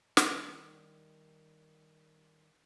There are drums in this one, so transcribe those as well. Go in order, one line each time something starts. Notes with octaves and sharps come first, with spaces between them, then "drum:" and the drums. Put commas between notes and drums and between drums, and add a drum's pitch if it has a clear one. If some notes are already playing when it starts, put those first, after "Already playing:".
D#3 G3, drum: snare